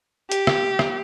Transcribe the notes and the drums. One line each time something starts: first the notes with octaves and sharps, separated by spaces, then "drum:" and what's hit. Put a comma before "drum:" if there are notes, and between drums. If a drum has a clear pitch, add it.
G4, drum: hi-hat
drum: rim click
drum: rim click